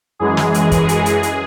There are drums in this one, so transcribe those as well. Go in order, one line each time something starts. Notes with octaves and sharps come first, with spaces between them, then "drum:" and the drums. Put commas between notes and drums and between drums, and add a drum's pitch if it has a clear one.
F#2 E3 G#3 G#4
drum: snare
drum: hi-hat
drum: kick, hi-hat
drum: hi-hat
drum: hi-hat
drum: hi-hat